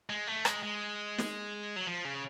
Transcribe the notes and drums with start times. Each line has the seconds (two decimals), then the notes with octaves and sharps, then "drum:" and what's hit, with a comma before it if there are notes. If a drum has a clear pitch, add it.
0.10 G#3
0.27 A3
0.45 G#3, drum: rim click
0.63 G#3
1.18 drum: snare
1.76 F#3
1.87 F3
2.05 C#3